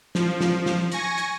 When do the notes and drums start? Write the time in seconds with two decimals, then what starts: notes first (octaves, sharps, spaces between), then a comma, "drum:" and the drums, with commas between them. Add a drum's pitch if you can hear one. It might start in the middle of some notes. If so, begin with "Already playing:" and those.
0.15 F3, drum: snare
0.41 drum: snare
0.66 drum: snare
0.92 G#5 C#6 A#6, drum: hi-hat
1.18 drum: hi-hat